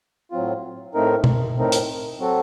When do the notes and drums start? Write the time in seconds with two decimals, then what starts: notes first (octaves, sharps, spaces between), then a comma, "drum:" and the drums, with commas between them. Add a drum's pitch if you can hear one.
0.32 A2 F#3 C4 F4
0.94 A2 A3 C4 D#4 A#4
1.24 drum: tom B2
1.57 A2 A3 C4 D#4 A#4
1.72 drum: hi-hat
2.19 F#3 C4 F#4 A4